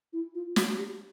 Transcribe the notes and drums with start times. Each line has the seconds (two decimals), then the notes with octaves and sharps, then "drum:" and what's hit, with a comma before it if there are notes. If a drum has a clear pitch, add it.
0.13 E4
0.35 F4
0.56 F#4, drum: snare
0.77 G4